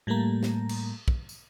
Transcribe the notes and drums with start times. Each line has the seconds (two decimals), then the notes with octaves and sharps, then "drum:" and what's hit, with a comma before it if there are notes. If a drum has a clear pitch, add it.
0.07 A2 G3 A3 A#3 A#5
0.43 drum: snare
0.69 drum: cymbal
1.08 drum: kick
1.29 drum: tambourine